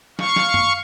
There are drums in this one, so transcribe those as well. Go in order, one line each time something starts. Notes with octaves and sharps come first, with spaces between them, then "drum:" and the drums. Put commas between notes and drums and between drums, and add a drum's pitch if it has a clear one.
F5 C#6, drum: snare
drum: snare
drum: tom F#2